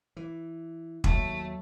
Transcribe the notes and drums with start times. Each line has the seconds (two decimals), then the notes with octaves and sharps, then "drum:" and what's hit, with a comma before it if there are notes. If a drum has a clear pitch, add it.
0.17 E3
1.04 D#2 F#3 A3, drum: kick